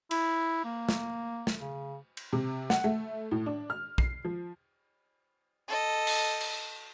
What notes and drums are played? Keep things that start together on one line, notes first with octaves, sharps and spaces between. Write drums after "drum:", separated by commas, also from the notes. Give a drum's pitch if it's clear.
E4, drum: cymbal
A#3
drum: snare
drum: snare
C#3
drum: cymbal
C3
F#5, drum: snare
A3
A2
D4
F6
C7, drum: kick
F3
A4 D#5
drum: cymbal
drum: cymbal